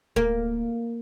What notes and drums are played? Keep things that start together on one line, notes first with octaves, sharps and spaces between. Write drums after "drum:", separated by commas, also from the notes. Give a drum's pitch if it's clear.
A#3, drum: kick D1